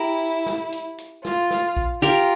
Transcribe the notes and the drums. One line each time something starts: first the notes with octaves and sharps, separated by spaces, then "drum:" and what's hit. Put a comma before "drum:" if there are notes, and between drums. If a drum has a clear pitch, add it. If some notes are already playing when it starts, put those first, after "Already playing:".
Already playing: E4 G4 A#4
drum: snare
drum: hi-hat
drum: hi-hat
F4, drum: snare
drum: snare
drum: kick A#1
F4 G4 A#4, drum: hi-hat